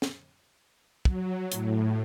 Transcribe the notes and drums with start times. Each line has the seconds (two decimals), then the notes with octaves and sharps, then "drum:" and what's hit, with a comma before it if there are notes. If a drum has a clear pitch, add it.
0.02 drum: snare
1.05 F#3, drum: kick
1.52 A2, drum: hi-hat